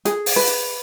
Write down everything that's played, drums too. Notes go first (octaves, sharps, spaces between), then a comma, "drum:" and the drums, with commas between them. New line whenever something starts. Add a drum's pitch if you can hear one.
G#4, drum: hi-hat
drum: open hi-hat
B4
drum: hi-hat